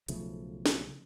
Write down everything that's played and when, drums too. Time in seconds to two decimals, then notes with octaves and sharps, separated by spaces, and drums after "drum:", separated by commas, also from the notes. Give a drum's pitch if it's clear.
0.08 B1 C#3 F3 A3, drum: hi-hat
0.66 drum: snare